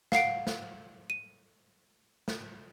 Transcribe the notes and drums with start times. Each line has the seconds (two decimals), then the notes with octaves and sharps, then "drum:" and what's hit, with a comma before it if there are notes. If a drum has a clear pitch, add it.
0.12 F5 F#5 C7 D7, drum: snare
0.47 drum: snare
1.10 D#7
2.28 drum: snare